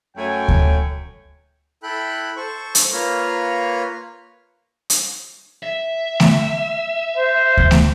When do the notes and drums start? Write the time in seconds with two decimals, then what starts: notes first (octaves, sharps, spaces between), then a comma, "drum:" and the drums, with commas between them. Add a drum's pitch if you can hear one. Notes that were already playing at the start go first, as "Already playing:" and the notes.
0.17 F#2 F#3 A3 C#5 G5 G#5
0.48 drum: kick D2
1.83 E4 A4 G5 B5 F#6
2.37 A4 C5 C#6
2.75 drum: hi-hat
2.93 A#3 F4 B4 C#5 A#5 F6
4.90 drum: hi-hat
5.63 E5
6.20 drum: snare A3
7.17 C5
7.57 drum: kick D2
7.71 drum: snare A3